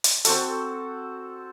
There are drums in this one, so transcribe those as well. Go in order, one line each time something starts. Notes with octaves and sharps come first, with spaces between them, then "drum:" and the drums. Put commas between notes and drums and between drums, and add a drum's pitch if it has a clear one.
drum: hi-hat
C4 F#4 A4, drum: hi-hat